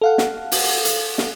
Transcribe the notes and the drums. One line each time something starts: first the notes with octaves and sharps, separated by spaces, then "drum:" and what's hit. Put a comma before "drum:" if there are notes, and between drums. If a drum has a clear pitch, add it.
A4 F5 F#5
drum: snare
drum: open hi-hat
drum: hi-hat
drum: snare